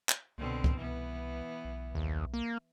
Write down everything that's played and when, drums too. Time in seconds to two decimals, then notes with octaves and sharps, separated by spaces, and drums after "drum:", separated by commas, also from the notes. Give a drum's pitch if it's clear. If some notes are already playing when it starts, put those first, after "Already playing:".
0.09 drum: clap
0.38 C2 B2 D3 C4
0.64 drum: kick C#2
0.77 E3 B3
1.65 B1
1.95 D#2
2.34 A#3